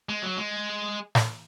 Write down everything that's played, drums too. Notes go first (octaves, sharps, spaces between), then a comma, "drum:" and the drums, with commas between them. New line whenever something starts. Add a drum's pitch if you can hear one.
G#3
F#3
G#3
drum: snare